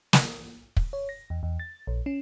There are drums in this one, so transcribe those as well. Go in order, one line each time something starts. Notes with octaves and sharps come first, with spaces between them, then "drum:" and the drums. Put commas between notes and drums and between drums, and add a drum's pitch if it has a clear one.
drum: snare
drum: kick
C#5
A#6
E2
E2
A6
A#1
C#4